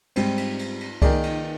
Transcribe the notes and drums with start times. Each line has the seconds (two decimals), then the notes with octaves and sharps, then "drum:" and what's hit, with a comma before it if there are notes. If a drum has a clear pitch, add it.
0.16 G#2 G3 C4, drum: cymbal
0.38 drum: cymbal
0.59 drum: cymbal
0.80 drum: cymbal
1.02 D#3 A#3 D#4 G#4 D5, drum: kick C2, cymbal
1.23 drum: cymbal